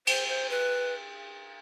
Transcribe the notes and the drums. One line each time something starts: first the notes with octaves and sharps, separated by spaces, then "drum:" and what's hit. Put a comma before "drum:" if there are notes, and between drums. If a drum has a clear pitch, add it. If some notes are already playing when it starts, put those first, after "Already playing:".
C5, drum: cymbal
C5
B4